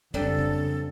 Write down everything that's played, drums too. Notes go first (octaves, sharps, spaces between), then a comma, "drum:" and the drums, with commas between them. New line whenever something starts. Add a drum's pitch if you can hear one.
F2 C#3 F#3 G3 C4 D4 A4, drum: kick
drum: kick